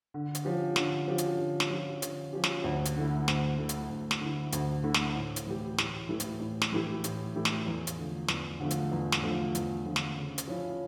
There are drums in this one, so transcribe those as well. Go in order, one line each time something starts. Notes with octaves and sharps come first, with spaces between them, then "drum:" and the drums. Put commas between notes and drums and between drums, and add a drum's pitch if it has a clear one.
D3
drum: hi-hat
F3 C#4 G4
D3, drum: snare
F3 C#4 G4
drum: hi-hat
D3
drum: snare
F3 C#4 G4
D3, drum: hi-hat
F3 C#4 G4
drum: snare
D2
drum: hi-hat
D3 A3 E4
D2, drum: snare
D3 A3 E4
drum: hi-hat
D2
drum: snare
D3 A3 E4
D2, drum: hi-hat
D3 A3 E4
drum: snare
A2
drum: hi-hat
E3 A3 E4 G4
A2, drum: snare
E3 A3 E4 G4
drum: hi-hat
A2
drum: snare
E3 A3 E4 G4
A2, drum: hi-hat
E3 A3 E4 G4
drum: snare
E2
drum: hi-hat
D3 F3 A3
E2, drum: snare
D3 F3 A3
drum: hi-hat
E2
drum: snare
D3 F3 A3
E2, drum: hi-hat
D3 F3 A3
drum: snare
C#3
drum: hi-hat
F3 C#4 E4